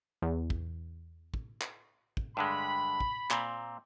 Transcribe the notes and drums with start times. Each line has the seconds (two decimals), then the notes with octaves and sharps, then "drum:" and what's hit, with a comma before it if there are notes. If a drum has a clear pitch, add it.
0.22 E2
0.50 drum: kick
1.34 drum: kick
1.61 drum: clap
2.17 drum: kick
2.37 G2 D3 G#3 B5
3.00 drum: kick
3.31 A#2 C4, drum: clap